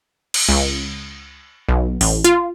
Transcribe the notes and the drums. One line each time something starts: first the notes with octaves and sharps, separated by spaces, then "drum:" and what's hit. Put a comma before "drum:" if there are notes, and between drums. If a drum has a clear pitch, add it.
drum: cymbal
C#2
B1
A1, drum: open hi-hat
F4, drum: hi-hat